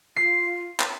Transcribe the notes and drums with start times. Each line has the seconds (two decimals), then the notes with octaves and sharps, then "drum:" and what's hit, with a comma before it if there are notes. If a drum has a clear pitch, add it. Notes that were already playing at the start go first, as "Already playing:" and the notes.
0.16 F4 C7
0.80 drum: clap